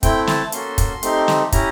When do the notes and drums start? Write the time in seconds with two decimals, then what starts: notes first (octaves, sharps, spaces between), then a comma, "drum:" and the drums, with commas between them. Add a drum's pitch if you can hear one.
0.03 A3 C4 E4 G5, drum: kick, hi-hat
0.27 A5, drum: snare
0.52 A#3 C#4 F#4 A4 C6, drum: hi-hat
0.78 drum: kick, hi-hat
1.03 A3 C4 D#4 G4, drum: hi-hat
1.28 drum: snare
1.52 C#4 E4 G4 A#5, drum: kick, hi-hat